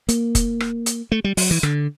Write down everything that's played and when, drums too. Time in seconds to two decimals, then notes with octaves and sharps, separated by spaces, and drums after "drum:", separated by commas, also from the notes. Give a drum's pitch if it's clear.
0.09 A#3, drum: hi-hat
0.35 drum: kick F1, hi-hat
0.60 drum: rim click
0.86 drum: hi-hat
1.12 A3
1.24 G3
1.37 F#3, drum: open hi-hat
1.51 E3
1.63 D3, drum: rim click